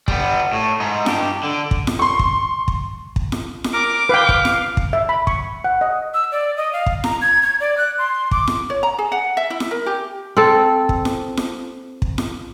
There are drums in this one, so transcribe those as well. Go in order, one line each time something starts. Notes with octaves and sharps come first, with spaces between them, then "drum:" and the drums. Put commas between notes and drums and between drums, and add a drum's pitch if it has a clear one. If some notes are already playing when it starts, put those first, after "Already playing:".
G3 B3, drum: kick
A2
G#2 D#4
G2 G4, drum: snare
D3
drum: kick
drum: snare
C6 C#6
drum: kick
drum: kick
drum: kick
drum: snare
drum: snare
A#4 D6
B4 F5 G5
drum: kick
drum: snare
drum: kick
E5
B5
C#6, drum: kick
F#5
D#5
E6
D5
D#5
F5
drum: kick
A#5, drum: snare
G#6
G#6
D5
F#6
C6
D6, drum: kick
drum: snare
C#5
A#5
G#4
F#5
E5
E4
drum: snare
A#4
G4
C4 A4
drum: kick
drum: snare
drum: snare
drum: kick
drum: snare